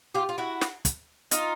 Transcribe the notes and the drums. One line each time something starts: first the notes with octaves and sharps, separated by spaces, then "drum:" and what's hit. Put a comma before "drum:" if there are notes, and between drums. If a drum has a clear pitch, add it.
F4 G4
F4
E4 F#4
drum: snare
drum: kick, hi-hat
D#4 F4, drum: hi-hat